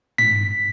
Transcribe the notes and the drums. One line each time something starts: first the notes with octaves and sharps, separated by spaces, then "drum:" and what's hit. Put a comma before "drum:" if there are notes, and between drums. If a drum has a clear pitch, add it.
B6, drum: tom